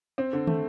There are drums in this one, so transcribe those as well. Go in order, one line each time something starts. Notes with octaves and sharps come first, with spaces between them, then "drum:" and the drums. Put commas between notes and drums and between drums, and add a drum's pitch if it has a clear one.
C4
D3
A3, drum: tom